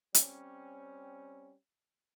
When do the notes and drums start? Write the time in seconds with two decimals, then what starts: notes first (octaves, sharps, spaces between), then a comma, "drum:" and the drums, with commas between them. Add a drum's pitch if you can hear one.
0.14 G3 C4 C#4, drum: hi-hat